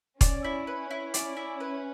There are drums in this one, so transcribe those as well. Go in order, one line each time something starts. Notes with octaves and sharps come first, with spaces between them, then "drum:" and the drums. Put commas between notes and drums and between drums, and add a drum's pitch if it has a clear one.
C#4 D5, drum: kick E1, hi-hat
E4
B4
E4
D5, drum: hi-hat
E4
B4